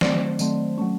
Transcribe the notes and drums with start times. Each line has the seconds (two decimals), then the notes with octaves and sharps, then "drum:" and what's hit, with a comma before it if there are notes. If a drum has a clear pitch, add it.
0.01 D#3 F#3 A3 C4 C5 D5, drum: snare
0.39 D#3 F#3 A3 C4, drum: tambourine
0.78 F#3 A3 C#4